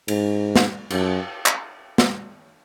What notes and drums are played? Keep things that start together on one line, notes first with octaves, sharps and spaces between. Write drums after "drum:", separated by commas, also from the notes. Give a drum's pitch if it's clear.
G#2, drum: cymbal
drum: snare
F#2, drum: cymbal
drum: clap
drum: snare